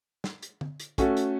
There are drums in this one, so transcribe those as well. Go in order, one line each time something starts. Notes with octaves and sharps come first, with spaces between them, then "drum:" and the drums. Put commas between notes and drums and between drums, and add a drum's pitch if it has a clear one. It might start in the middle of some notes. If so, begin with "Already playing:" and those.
drum: snare
drum: hi-hat
drum: tom
drum: hi-hat
A3 C#4 F#4 A4, drum: kick, hi-hat
drum: hi-hat